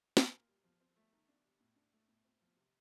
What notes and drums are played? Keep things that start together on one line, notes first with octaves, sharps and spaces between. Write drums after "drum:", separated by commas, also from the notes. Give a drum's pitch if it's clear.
A#2, drum: snare
A#3
G3
F3
C4
A3
D#3
D4
G3
A2
D4
A3
A2
C4
F3
C3